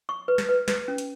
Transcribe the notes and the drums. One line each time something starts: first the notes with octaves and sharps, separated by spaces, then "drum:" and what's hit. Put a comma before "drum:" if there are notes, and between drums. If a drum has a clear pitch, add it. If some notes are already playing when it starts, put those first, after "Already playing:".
C#6
B4
drum: snare
B4
B4, drum: snare
C#4
drum: hi-hat